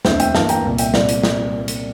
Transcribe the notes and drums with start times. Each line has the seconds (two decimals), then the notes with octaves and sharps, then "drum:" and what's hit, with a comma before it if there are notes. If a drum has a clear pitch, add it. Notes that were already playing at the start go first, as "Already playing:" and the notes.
0.05 E1 D2 D3 A3 C4 C5 E5, drum: snare
0.20 E5 G5, drum: hi-hat
0.35 G2 E3 A#3 F5 A5, drum: snare
0.49 G5 A#5, drum: hi-hat
0.64 C2 A#2 G3
0.78 E5 G5, drum: hi-hat
0.94 C2 A#2 G3 C4 D5 F5, drum: snare
1.09 drum: hi-hat
1.23 drum: snare
1.68 drum: hi-hat